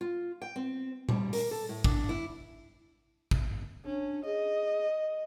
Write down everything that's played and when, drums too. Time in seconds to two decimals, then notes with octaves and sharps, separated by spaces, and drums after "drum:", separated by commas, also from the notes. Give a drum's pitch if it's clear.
0.01 F4
0.42 G5
0.56 C4
1.09 G3, drum: tom A#2
1.33 A#4, drum: open hi-hat
1.51 A4
1.69 A2
1.84 D4, drum: kick
2.09 E4
3.31 drum: kick
3.85 C#4 D4
4.25 G#4 D#5